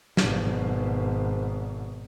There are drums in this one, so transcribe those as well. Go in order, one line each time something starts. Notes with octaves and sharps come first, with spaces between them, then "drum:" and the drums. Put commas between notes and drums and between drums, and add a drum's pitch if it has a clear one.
G#1 B2, drum: snare